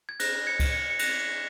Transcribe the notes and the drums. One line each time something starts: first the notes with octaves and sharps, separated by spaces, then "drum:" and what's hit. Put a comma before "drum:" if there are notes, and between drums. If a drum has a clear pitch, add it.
G#6
F#6 A#6, drum: cymbal
G#6 C#7
drum: kick C#2, cymbal
G#6 C#7
C#7
F#6 A#6, drum: cymbal